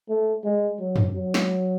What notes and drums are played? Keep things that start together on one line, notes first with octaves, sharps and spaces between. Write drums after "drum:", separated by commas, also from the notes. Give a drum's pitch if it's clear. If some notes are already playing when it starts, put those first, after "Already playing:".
A3
G#3
F#3
drum: tom
F#3
drum: snare